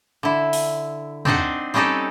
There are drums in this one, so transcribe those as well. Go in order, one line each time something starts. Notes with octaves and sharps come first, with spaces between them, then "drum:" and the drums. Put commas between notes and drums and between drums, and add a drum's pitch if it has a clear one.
D3 E4
drum: open hi-hat
C4 D4 D#4 C5 F#5, drum: tom
G3 C4 C#4 D#4 G4 A4